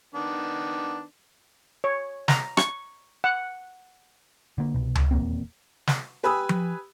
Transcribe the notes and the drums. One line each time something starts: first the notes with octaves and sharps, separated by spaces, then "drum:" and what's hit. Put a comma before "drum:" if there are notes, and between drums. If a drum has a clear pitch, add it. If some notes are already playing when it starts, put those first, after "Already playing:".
D#3 B3 D4
C#5
A#5, drum: snare
C#6, drum: rim click
F#5
D3 A#3
C2 B2
drum: tom C#2
D#1 E2 A#3 C4
drum: snare
G4 B4 G#5 B5 D#6 E6
drum: tom F3